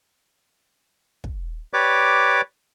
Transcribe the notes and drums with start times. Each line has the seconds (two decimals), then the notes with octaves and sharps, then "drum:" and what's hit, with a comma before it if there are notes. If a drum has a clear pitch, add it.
1.24 drum: kick
1.73 G4 B4 C#5 D5 D6